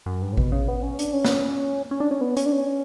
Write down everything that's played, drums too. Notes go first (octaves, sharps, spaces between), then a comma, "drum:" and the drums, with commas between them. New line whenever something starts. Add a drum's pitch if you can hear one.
F#2
G2
A2
B2, drum: kick A1
C#3
B3
C#4
D4, drum: hi-hat
C#4
drum: snare
C#4
D4
C#4
B3
C#4, drum: hi-hat
D4
C#4